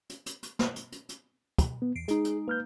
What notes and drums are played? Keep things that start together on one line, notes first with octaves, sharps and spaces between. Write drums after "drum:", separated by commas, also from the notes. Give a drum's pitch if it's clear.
drum: hi-hat
drum: hi-hat
drum: hi-hat
drum: snare
drum: hi-hat
drum: hi-hat
drum: hi-hat
drum: kick, hi-hat
B3
E2 C7 D7
G#3 D#4 G#4, drum: hi-hat
drum: hi-hat
A#3 B4 F6 G6